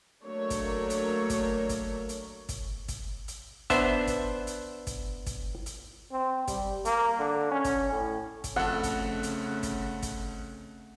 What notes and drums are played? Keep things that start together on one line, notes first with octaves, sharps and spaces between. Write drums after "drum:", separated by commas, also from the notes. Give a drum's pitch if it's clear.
F#3 A3 A#3 D4 C#5
drum: kick, hi-hat
drum: hi-hat
drum: kick, hi-hat
drum: kick, hi-hat
drum: hi-hat
drum: kick, hi-hat
drum: kick, hi-hat
drum: hi-hat
B3 D4 C5 E5, drum: kick, hi-hat
drum: kick, hi-hat
drum: hi-hat
drum: kick, hi-hat
drum: kick, hi-hat
drum: hi-hat
C4
G3, drum: kick, hi-hat
A#3, drum: hi-hat
D3
C#4
drum: kick, hi-hat
A2
drum: kick, hi-hat
F2 C#3 A3 C4 A4 F#5
drum: kick, hi-hat
drum: hi-hat
drum: kick, hi-hat
drum: kick, hi-hat